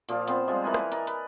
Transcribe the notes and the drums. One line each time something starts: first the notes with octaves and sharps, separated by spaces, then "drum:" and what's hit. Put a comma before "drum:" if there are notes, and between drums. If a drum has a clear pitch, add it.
A#2 F3 D5 F5, drum: hi-hat
B3 C4 C5, drum: hi-hat
F3 G3 G#3 F4
E3 A#4 B4 G#5
drum: rim click
A#4 D5 D#5, drum: hi-hat
B4, drum: hi-hat